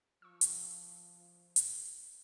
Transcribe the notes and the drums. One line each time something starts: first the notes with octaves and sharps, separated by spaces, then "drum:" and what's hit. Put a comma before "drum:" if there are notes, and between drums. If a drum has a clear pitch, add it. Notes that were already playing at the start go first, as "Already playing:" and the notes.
F3 C#6 E6
drum: hi-hat
drum: hi-hat